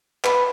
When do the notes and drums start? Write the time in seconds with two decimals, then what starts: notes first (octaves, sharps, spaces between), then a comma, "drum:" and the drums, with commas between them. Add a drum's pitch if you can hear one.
0.24 B4, drum: clap